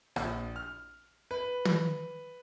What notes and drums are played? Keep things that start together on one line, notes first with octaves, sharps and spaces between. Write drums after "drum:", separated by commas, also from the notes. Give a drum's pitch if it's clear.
A#1, drum: rim click
F6
B4
drum: tom